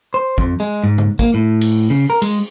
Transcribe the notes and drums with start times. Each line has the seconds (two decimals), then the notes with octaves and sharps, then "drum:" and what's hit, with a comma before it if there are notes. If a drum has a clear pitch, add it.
0.14 C5
0.38 F2, drum: kick
0.60 G#3
0.84 G#2
0.98 drum: tom C#3
1.19 A#3, drum: kick
1.34 A2
1.61 drum: cymbal
1.90 C#3
2.10 A#4
2.22 G#3, drum: cymbal